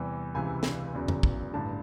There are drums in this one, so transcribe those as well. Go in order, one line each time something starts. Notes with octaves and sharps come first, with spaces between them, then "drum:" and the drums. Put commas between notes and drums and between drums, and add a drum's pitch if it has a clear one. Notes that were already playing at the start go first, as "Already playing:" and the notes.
Already playing: E2 C3 E3 G3
C#2 C3 E3 G#5
drum: snare
E1 E2 C#3 F#3
drum: tom F2
drum: kick
A1 G2 D3 A5